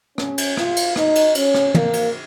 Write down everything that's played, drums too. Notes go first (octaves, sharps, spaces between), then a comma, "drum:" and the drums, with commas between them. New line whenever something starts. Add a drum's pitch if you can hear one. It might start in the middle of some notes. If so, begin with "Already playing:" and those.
C#4, drum: rim click
drum: cymbal
F4, drum: rim click
drum: cymbal
D#4, drum: rim click
drum: cymbal
C#4, drum: cymbal
drum: rim click
A#3, drum: tom
drum: cymbal